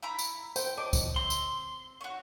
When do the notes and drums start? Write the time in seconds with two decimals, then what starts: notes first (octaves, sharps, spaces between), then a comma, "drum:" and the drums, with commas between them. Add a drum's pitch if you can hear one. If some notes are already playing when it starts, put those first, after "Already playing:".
0.03 E4 A#5 B5
0.19 drum: tambourine
0.56 C5 G5, drum: tambourine
0.77 C#5 D#5 A5 D6
0.93 drum: kick, tambourine
1.16 C4 C6
1.30 drum: tambourine
2.01 F#4 C#5